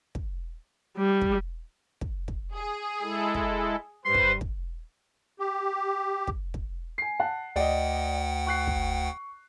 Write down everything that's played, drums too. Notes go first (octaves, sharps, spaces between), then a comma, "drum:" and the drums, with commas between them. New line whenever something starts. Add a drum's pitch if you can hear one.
drum: kick
G3
drum: kick
drum: kick
drum: kick
G#4
G#3 E4 A4
drum: kick
G2 G3 B4 C5 C6
drum: kick
drum: kick
G4
drum: kick
drum: kick
G#5 C7
F#5 A5
D2 D5 D#5 F#5 G5
C#6 F#6 C7
drum: kick